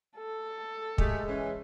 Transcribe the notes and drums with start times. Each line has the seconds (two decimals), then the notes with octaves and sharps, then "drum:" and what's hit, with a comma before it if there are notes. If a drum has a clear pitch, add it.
0.17 A4
0.98 G#3 A3 G4 G#4, drum: kick
1.27 E3 C#4